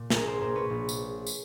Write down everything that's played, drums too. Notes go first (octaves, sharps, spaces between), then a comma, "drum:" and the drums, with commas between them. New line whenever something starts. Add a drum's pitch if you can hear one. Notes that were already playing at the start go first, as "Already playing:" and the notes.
Already playing: A#2
A#1 G#4 A#4, drum: snare
A#4 C5
A#2 A#4 C5
B4 C#5
A#1
drum: tambourine
drum: tambourine